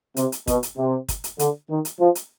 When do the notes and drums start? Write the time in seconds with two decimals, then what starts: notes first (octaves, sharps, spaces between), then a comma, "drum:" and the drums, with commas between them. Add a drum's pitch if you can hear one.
0.17 C3, drum: hi-hat
0.32 drum: hi-hat
0.47 B2, drum: kick, hi-hat
0.63 drum: hi-hat
0.78 C3
1.09 drum: kick, hi-hat
1.24 drum: hi-hat
1.39 D3, drum: hi-hat
1.70 D#3
1.85 drum: hi-hat
2.00 F3
2.15 drum: hi-hat